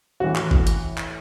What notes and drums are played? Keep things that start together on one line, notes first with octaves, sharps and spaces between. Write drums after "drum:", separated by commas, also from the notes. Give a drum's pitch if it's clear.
A2 E3 F#4
drum: clap
drum: kick G1
drum: hi-hat
drum: clap